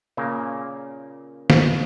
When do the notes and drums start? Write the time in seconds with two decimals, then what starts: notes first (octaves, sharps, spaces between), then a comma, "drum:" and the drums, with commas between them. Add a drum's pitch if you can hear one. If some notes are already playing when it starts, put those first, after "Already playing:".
0.17 A#2 C#3 A#3
1.50 drum: snare